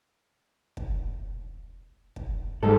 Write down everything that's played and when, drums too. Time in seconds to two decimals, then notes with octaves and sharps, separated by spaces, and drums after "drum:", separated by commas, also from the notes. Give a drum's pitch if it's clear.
0.77 drum: kick
2.16 drum: kick
2.63 G#2 G3 A4